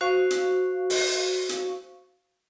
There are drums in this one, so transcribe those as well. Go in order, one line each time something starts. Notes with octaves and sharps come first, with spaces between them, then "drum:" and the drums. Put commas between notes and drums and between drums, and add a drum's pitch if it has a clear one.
F#4 C5 F5 C#6
drum: hi-hat
drum: open hi-hat
drum: hi-hat